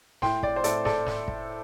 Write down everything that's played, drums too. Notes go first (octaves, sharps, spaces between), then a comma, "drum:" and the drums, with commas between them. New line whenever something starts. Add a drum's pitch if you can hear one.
A2 G5 C6, drum: snare
D5 G5, drum: kick
C5
A2 A4 D5, drum: hi-hat
A4 D5, drum: snare
drum: snare
drum: kick